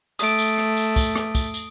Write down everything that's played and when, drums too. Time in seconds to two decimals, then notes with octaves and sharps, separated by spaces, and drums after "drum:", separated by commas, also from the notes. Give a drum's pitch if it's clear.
0.19 A3 D#6 D7, drum: tambourine
0.39 drum: tambourine
0.58 drum: rim click
0.77 drum: tambourine
0.96 drum: kick, tambourine
1.15 drum: rim click
1.35 drum: kick, tambourine
1.54 drum: tambourine